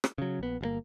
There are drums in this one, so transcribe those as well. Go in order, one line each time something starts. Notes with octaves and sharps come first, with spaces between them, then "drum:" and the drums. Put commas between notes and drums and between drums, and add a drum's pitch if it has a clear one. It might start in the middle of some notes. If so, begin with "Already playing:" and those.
drum: rim click
C#3 F#3
A#1 B3
G1 C3 A#3